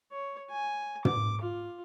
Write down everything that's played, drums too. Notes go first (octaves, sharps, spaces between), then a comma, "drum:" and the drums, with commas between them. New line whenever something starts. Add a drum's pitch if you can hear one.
C#5
G#5
D6, drum: tom
F4